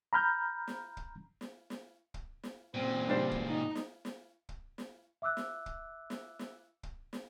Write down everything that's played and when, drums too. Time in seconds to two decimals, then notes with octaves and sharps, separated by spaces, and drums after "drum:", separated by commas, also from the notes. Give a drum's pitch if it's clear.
0.13 A#5 B5 F6 G6
0.68 drum: snare
0.97 drum: kick
1.41 drum: snare
1.70 drum: snare
2.14 drum: kick
2.43 drum: snare
2.74 F#2 A#2 C4
3.08 G3 D4 C5
3.31 drum: kick
3.48 D#4
3.75 drum: snare
4.05 drum: snare
4.49 drum: kick
4.78 drum: snare
5.22 E5 D6 E6 F#6
5.37 drum: snare
5.66 drum: kick
6.10 drum: snare
6.39 drum: snare
6.83 drum: kick
7.13 drum: snare